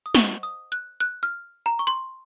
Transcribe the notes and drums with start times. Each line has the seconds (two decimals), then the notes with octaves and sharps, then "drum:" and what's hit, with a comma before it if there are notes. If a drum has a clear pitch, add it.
0.06 D#6
0.15 C5 D#5 F#5 C#6, drum: snare
0.43 D#6
0.72 F#6, drum: hi-hat
1.00 F#6, drum: hi-hat
1.23 F6
1.66 A#5
1.79 C#6
1.87 C6, drum: hi-hat